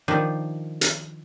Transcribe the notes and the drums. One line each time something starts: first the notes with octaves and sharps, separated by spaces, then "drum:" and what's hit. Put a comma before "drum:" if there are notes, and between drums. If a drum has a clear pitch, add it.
D#3 F3 D4
drum: hi-hat